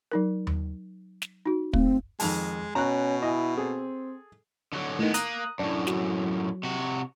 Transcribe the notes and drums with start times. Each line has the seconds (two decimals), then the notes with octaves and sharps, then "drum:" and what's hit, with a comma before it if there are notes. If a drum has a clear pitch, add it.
0.11 F#3 D#4 A#4
0.47 drum: tom D#2
1.22 drum: snare
1.45 D#4 F#4
1.73 A3 C4, drum: kick
2.20 F2 D#3 G#3 A5, drum: open hi-hat
2.75 B2 C#4 A#5 F#6
3.22 E4 D#5 G#5
3.57 C4 G#4 A4
4.73 D3 F#3
4.99 A2 D#3 G#3 B3
5.14 A#3 A#5 D#6 F#6, drum: hi-hat
5.59 F#2 A2 D4
5.87 F#3, drum: snare
6.63 C3 F#4